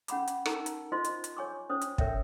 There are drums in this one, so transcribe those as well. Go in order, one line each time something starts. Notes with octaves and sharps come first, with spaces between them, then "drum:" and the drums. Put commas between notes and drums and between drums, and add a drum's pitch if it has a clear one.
C#4 F#5 B5 D6, drum: hi-hat
drum: hi-hat
D#4 A#4 A5 A#5, drum: rim click
drum: hi-hat
F4 C5 D#5 C6
drum: hi-hat
drum: hi-hat
C#5 G#5 C#6 D6
C#4 C5 C#5 D#6
drum: hi-hat
A#4 C#5 E5 G5, drum: kick